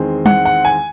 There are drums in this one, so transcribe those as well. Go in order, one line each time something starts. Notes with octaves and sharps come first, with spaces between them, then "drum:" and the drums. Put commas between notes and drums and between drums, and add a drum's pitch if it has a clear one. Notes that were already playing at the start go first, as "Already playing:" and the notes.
Already playing: E2 D#3 G#3 C4
F#5, drum: tom
F#5
G#5